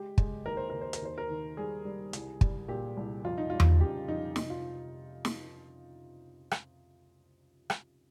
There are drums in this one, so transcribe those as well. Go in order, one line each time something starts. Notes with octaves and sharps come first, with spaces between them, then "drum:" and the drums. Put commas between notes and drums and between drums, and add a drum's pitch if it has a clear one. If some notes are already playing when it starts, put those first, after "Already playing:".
Already playing: G#3 G4
G#3, drum: kick
D#2 A#4
C5
D#2 A#4
C5
A#4, drum: hi-hat
D#2 C5
A#4
D#3
G3 G#4
G3
C2, drum: hi-hat
G3, drum: kick
A#2 G4
C2
F2 F4
D#4
G3 F4
drum: tom E2
C#3 G4
F2 D#4
C3 D#4, drum: snare
F4
drum: snare
drum: rim click
drum: rim click